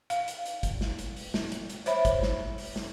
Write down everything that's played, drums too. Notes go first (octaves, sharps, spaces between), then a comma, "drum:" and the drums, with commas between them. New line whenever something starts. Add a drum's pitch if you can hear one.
F5, drum: hi-hat
drum: hi-hat
drum: hi-hat
drum: kick G1, hi-hat
drum: snare
drum: hi-hat
drum: open hi-hat
drum: snare
drum: hi-hat
drum: hi-hat
C5 C#5 E5 B5, drum: hi-hat
drum: kick G1, hi-hat
drum: snare
drum: open hi-hat
drum: snare